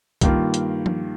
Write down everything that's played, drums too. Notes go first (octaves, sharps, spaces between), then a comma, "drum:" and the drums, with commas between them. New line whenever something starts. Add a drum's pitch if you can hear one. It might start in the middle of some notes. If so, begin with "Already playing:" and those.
G2 D#3 A#3 F4, drum: kick C2, hi-hat
drum: hi-hat
drum: tom F3